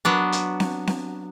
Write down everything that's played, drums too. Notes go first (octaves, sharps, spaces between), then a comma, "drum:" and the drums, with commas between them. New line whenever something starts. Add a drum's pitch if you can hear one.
F#3 B3 D4
drum: hi-hat
drum: snare C4
drum: snare C4